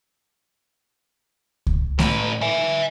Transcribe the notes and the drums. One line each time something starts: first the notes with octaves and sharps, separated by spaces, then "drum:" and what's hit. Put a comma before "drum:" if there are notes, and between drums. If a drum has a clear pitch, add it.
drum: kick C#2
A2 B4, drum: snare A3
E5 G#5